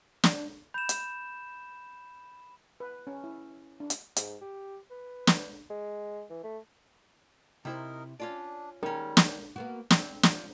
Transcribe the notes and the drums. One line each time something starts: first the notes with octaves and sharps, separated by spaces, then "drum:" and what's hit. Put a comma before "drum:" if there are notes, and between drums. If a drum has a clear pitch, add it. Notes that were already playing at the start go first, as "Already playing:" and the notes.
D4, drum: snare
B5 G6 E7
drum: hi-hat
B4
C#4
E4
D4
drum: hi-hat
G#2, drum: hi-hat
G4
B4
drum: snare
G#3
E3
A3
C3 D#4 E4 A#4 C5
C#4 D4 F4 D5
D#3 G3 G#3 C#4 A#4
drum: snare
A#3 B3 F#4
C4, drum: snare
F3, drum: snare